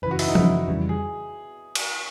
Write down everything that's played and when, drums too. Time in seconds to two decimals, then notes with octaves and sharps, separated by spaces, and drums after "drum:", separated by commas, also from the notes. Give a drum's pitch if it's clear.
0.02 F#2 C#3 E3 B4
0.11 F#4
0.19 E4, drum: open hi-hat
0.28 D#4
0.35 F#2 C#3 E3 E4, drum: tom F3
0.68 F2 C#3 E3 G3
0.89 G#4
1.75 drum: cymbal